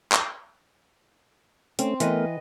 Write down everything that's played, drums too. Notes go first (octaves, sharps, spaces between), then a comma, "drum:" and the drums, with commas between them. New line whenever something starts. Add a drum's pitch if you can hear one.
drum: clap
A3 C4 C#4, drum: hi-hat
E3 A3 B3 A#4 B4 D#5, drum: hi-hat